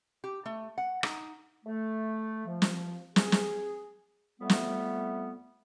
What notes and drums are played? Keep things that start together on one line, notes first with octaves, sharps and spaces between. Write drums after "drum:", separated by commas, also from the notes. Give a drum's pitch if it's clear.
G4
A3
F#5
D#4, drum: rim click
A3
F3
drum: snare
G#4, drum: snare
drum: snare
F2 G3 A3 B3
drum: snare